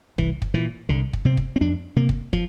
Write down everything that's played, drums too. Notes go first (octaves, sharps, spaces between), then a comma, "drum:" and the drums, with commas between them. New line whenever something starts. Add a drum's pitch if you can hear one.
C2 E3, drum: kick
drum: kick
A#2 E3
C2 D3
drum: kick
C3 C4
drum: kick
C4
F2 D4
C3 A#3
drum: kick
F3, drum: kick